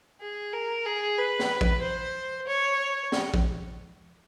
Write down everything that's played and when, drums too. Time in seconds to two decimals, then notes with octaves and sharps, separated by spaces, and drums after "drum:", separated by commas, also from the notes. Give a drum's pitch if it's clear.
0.21 G#4
0.53 A#4
0.86 G#4
1.18 B4
1.39 drum: snare
1.61 drum: kick A1
1.82 C5
2.47 C#5
3.12 drum: snare
3.34 drum: kick A1